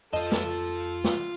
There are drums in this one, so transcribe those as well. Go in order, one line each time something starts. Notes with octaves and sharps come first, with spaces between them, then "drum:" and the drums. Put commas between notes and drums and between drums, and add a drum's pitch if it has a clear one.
F2 F4 A4 D#5 A5
drum: snare
drum: snare